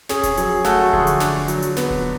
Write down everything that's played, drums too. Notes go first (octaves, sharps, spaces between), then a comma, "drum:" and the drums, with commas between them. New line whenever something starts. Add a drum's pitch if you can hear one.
C#4 G#4, drum: snare
drum: kick D#1, hi-hat
F#3 G#4, drum: hi-hat
A3 F#4 A4, drum: snare
D3 G#4, drum: kick D#1
drum: hi-hat
D4, drum: snare
F#3, drum: hi-hat
drum: hi-hat
B3, drum: snare
drum: kick D#1